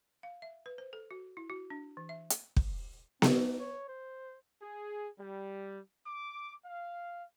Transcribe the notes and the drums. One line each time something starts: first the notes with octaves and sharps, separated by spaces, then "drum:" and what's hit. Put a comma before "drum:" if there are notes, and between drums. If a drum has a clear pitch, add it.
F5
E5
B4
C5
A4
F#4
E4
F#4
D4
E3
E5
drum: hi-hat
drum: kick
C4, drum: snare B3
D#4
C#5
C5
G#4
G3
D6
F5